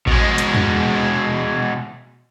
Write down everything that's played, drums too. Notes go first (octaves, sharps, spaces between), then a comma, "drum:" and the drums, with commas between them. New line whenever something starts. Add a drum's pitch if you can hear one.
B2 G#3, drum: kick A1
drum: hi-hat
drum: tom E2